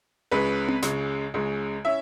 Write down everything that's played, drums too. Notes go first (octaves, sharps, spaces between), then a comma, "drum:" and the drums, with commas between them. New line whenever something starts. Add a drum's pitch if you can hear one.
C#2 C#3 G#3 B4
drum: tom C4
C#2 C#3 G#3, drum: snare
C#2 C#3 G#3
C#4 E4 E5